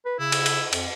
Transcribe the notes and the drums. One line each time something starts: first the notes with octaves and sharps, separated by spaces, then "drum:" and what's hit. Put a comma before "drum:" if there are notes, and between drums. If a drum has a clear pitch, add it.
B4
C#3 E4
drum: cymbal
drum: cymbal
F2, drum: cymbal